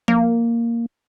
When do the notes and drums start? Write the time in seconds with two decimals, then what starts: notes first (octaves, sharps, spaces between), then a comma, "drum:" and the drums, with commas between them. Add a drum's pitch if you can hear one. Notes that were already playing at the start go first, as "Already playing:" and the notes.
0.08 A#3, drum: tom F3